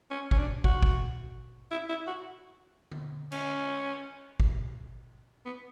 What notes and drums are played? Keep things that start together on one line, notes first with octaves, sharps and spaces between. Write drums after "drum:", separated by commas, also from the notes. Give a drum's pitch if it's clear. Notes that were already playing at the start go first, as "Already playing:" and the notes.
C#4
C#4, drum: kick
D4
F#4, drum: kick
drum: kick
E4
E4
F#4
drum: tom D3
C#4, drum: cymbal
drum: kick
B3